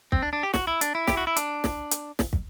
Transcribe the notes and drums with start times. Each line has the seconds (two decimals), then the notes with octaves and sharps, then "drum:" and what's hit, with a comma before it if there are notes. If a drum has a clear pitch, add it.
0.12 C4, drum: kick
0.22 D4
0.33 D4
0.43 G4
0.54 F#4, drum: snare
0.67 E4
0.81 D4, drum: hi-hat
0.95 E4
1.07 G4, drum: snare
1.17 F#4
1.27 E4
1.36 D4, drum: hi-hat
1.64 drum: snare
1.91 drum: hi-hat
2.19 drum: snare
2.33 drum: kick